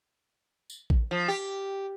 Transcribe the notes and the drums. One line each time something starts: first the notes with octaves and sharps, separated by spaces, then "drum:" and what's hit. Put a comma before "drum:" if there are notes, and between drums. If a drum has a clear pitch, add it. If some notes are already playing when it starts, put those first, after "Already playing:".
drum: tambourine
drum: kick A1
F3
G4